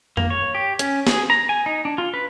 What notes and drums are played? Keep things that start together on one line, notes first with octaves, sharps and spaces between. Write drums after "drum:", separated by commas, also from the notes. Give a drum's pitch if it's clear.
A#3, drum: tom F2
C#5
G4
C#4, drum: hi-hat
G#4, drum: snare
A#5
G#5
D#4
D4
F4
B4